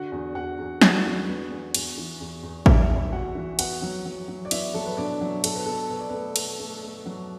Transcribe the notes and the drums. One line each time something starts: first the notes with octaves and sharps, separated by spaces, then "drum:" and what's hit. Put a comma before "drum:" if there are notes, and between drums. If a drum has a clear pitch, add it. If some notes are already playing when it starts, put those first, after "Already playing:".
Already playing: D3 F#4 F#5
E2
E2 F#4 F#5
E2
D3 F#4 F#5, drum: snare
E2
B3
E2
E2, drum: cymbal
E3
E2
E2
E2 E4 E5, drum: kick A1
E2
E2 F#4 F#5
E3
B3 F#4 F#5, drum: cymbal
F#3
F#3
F#3
D5
B3 E4 E5, drum: cymbal
F#3 A4
B4
B2 D4 D5
F#3
B2 A4, drum: cymbal
B4
B2 A4
B2 B4
D5
A3 B3 B4
A3, drum: cymbal
A3
A3
F#3